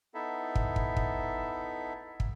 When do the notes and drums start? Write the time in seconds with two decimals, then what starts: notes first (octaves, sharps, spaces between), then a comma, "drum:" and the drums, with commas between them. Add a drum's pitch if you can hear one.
0.14 B3 D#4 E4 A4 E5
0.55 drum: kick
0.76 drum: kick
0.97 drum: kick
2.20 drum: kick